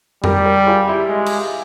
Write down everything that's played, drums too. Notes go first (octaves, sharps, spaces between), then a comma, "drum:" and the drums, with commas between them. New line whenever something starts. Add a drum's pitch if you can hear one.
G3 G4 A#4, drum: tom F2
G4 A#4
F4 G#4
E4 G4
G#3
drum: cymbal